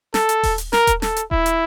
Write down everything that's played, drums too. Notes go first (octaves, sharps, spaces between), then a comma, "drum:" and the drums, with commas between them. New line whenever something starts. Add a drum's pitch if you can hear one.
A4, drum: snare
drum: hi-hat
drum: kick D#1, open hi-hat
drum: hi-hat
A#4, drum: snare
drum: kick D#1, hi-hat
A4, drum: snare
drum: hi-hat
E4, drum: kick D#1
drum: hi-hat